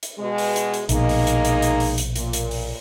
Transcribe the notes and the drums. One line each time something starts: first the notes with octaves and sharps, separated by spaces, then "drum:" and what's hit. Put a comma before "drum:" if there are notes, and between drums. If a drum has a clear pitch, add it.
drum: hi-hat
B2 G#3
drum: open hi-hat
drum: hi-hat
drum: hi-hat
A#1 B2 G#3 A#3 D#4, drum: hi-hat
drum: open hi-hat
drum: hi-hat
drum: hi-hat
drum: hi-hat
drum: open hi-hat
drum: hi-hat
A#2, drum: hi-hat
drum: hi-hat
drum: open hi-hat